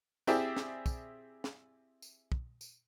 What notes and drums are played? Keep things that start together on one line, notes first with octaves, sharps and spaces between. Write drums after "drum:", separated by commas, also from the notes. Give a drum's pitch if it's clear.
C4 E4 G4 G#4 D5 E5, drum: tambourine
drum: snare
drum: kick, tambourine
drum: snare
drum: tambourine
drum: kick
drum: tambourine